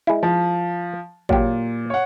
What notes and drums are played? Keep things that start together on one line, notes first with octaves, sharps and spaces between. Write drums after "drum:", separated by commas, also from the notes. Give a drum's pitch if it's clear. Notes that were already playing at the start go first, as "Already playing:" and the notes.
G#3 E4
F3
A#2 F#3 G4, drum: kick
C#5 F#5